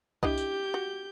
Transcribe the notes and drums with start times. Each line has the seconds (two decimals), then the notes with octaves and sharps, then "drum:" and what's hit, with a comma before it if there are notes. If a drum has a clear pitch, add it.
0.23 D4 E4 G4 D#5 G6, drum: kick C2
0.38 drum: tambourine
0.74 F#4